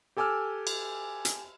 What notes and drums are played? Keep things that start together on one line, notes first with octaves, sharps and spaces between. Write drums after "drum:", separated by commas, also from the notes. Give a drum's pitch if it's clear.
G4 A4 G#5 D6 E6 F6
drum: cymbal
drum: hi-hat